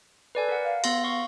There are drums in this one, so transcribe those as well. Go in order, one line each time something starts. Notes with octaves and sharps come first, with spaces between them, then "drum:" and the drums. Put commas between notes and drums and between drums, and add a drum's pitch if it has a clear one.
A4 B4 D5 G#5
A#4 F#5
F5
B3 C6 A#6, drum: cymbal
F5 C#6